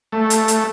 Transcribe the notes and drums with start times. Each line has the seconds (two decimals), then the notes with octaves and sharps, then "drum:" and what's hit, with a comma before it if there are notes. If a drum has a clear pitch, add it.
0.12 A3
0.30 drum: hi-hat
0.48 drum: hi-hat